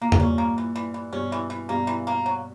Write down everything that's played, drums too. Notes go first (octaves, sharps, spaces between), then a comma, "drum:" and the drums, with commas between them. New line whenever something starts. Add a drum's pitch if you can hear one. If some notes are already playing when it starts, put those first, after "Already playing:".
A#2 A#3
G2, drum: tom E2
A#2 C#4
A#3
E3
E3
E3
G2 B2 C#4
E3
E3
G2 B2 A#3
E3
A#3
F#3